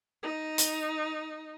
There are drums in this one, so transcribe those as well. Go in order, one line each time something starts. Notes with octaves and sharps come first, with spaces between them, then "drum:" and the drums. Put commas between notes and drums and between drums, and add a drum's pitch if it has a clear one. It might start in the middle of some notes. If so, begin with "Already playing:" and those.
D#4
drum: hi-hat